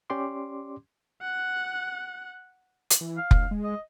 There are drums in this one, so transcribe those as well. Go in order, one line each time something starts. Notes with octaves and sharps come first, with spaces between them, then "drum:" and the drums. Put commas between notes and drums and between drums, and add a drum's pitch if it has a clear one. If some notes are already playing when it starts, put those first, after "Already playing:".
C#4 G4 D5 C6 D6
F#5 F#6
drum: hi-hat
E3
F5
D2, drum: kick F1
G#3
D#5